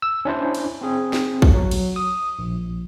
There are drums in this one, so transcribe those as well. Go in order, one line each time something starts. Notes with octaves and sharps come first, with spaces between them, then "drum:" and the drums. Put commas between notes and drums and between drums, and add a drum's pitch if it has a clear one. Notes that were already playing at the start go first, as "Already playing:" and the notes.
E6
C#4 D4 E4 C5
drum: cymbal
C4 G#4
drum: snare
drum: kick
F#3
drum: cymbal
D#6
A#1